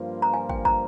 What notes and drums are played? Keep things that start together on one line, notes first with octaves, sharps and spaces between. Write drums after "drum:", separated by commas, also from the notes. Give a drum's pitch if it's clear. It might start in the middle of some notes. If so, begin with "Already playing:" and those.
Already playing: G2 F3 A#3 F4 C5
A#5
G#5
G5, drum: kick
A#5, drum: kick